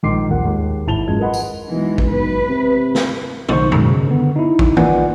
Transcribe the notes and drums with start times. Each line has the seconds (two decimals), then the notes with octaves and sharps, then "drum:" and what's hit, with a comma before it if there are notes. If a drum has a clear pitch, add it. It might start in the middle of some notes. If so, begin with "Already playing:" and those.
0.03 A#1 G#2 D#3 C6 D6 C7
0.30 A#1 D#2 G3 A#4 F#5
0.45 D#2 G#3
0.87 G#1 E4 A5 F7 G7
1.07 F#2 G#3 F4 G#6
1.20 A#4 B4 D#5 F#5 B5 C6
1.34 drum: tambourine
1.70 B1 E3 G#3
1.98 drum: kick A1
2.09 B1 B4
2.49 C3
2.95 drum: snare
3.49 B1 D#3 D#4 C5 C#6, drum: tom C#3
3.72 F#2 B2 D#3 G#3, drum: tom A2
3.90 C#3
4.07 D3 B3
4.36 D#4 E4
4.59 drum: kick A1
4.77 A#3 F4 B4 D5 F#5 G#5, drum: tom D#3